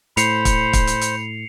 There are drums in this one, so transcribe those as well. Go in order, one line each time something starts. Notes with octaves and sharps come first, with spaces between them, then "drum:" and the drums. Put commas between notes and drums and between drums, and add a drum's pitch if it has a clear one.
A2 C5 B5 C7 C#7 F7, drum: hi-hat
drum: kick, hi-hat
drum: kick, hi-hat
drum: hi-hat
drum: hi-hat